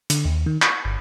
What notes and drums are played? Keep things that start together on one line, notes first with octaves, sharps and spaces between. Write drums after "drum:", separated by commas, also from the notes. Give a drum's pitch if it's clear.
D3, drum: hi-hat
D#2
D#3
C#6, drum: clap
G1